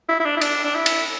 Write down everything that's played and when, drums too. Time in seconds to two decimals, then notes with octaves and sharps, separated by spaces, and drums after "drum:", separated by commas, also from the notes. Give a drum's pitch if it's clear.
0.09 E4
0.20 E4
0.25 D4
0.37 E4
0.41 D4, drum: cymbal
0.64 D4
0.75 E4
0.86 drum: cymbal